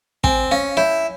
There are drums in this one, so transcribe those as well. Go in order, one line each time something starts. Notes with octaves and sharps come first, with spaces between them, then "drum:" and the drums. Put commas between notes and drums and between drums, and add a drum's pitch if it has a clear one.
C4 G#5, drum: kick
C#4 F5
E4 C#5